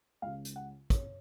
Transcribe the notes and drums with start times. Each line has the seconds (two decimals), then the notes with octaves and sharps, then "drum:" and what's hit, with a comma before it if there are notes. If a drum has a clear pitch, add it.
0.22 C#2 C#3 F5
0.45 drum: hi-hat
0.56 F#5
0.90 C#5, drum: kick, hi-hat